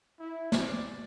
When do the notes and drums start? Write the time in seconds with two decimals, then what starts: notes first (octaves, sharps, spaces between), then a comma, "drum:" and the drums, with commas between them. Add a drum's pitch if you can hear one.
0.19 E4
0.52 D5, drum: snare